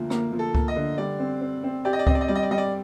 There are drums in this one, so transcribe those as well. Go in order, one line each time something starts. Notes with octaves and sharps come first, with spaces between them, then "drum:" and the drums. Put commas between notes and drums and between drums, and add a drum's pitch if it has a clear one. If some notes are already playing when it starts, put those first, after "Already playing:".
Already playing: D2 F3 A#3
A#3, drum: rim click
F3
A4
A#3, drum: kick C#2
D#5
D3
G3 D5
C4
C4
C4
G4 D5
D#5
D5
C4 D#5, drum: kick C#2
D5
D#5
G3 D5
D#5
D5
G3 D#5
D5